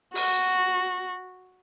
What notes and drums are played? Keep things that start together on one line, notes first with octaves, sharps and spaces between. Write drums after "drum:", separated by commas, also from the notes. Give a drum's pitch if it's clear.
F#4, drum: open hi-hat